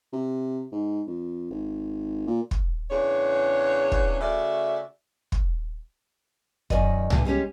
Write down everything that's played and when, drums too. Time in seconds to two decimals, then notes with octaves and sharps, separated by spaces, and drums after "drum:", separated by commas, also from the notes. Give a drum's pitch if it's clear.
0.13 C3
0.72 G#2
1.07 F2
1.51 G#1
2.27 A#2
2.51 drum: kick
2.90 E2 C#3 D4 C#5
3.92 drum: kick
4.21 C#3 A3 F#4 D5 E5
5.32 drum: kick
6.70 F#2 D#3 D5 D#5, drum: kick
7.10 G2 A#2 E3, drum: tom C2
7.25 G3 G#3 C#4 G4